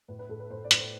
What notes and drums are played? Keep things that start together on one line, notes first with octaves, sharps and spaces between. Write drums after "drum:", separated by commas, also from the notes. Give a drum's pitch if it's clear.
A2 B4
B4
A2 A4
B4
A2 C5
D5
A2 B4, drum: hi-hat
C5